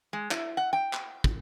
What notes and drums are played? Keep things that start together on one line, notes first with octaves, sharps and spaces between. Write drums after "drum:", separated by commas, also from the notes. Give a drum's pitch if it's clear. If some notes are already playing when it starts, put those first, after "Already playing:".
G#3
E4, drum: clap
F#5
G5
drum: clap
drum: kick